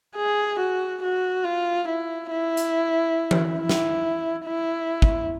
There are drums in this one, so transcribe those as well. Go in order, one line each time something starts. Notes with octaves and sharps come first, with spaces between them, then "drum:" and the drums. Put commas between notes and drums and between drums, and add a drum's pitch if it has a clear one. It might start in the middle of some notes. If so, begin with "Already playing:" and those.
G#4
F#4
F#4
F4
E4
E4
drum: hi-hat
drum: tom E3
E4
drum: snare
E4
drum: kick